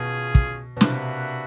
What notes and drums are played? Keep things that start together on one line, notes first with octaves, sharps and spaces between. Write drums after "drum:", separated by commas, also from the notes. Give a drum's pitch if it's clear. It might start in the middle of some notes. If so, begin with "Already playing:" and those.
Already playing: B2 C#4 F4 G#4
drum: kick
B2
C3 A#3 D4 F#4 B4 E5, drum: snare